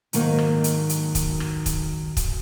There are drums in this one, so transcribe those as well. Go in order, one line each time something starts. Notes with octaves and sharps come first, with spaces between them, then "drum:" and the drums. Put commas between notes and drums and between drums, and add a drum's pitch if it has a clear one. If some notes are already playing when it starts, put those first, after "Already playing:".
G#2 D#3 F#3 A#3, drum: hi-hat
drum: rim click
drum: hi-hat
drum: hi-hat
drum: kick, hi-hat
drum: rim click
drum: kick, hi-hat
drum: kick, hi-hat